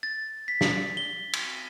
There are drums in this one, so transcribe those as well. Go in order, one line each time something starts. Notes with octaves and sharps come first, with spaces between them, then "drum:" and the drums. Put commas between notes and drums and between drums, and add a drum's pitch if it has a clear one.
A6
B6
drum: snare
G7
drum: cymbal